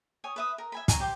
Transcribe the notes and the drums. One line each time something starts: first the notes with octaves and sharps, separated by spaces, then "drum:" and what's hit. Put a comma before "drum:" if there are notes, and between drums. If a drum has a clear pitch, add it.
C#5 G#5 D#6
B4 E5 D#6
A#4
E5 G#5 B5
C#5 G#5 A#5, drum: kick, hi-hat
G4 C5